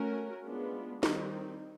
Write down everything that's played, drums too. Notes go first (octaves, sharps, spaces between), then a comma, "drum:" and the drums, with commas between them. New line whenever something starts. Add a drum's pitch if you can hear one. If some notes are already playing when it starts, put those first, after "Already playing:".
Already playing: A3 C#4 F#4 A#4
G#3 B3 D4 F4
D#3 G3 C4 D#4, drum: snare